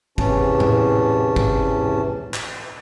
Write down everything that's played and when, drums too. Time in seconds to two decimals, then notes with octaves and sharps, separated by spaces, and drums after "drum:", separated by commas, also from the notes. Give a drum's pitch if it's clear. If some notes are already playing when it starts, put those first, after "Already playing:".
0.18 E2 C3 E3 C#4 A5, drum: kick G1
0.60 drum: tom A2
1.36 drum: kick G1
2.34 drum: clap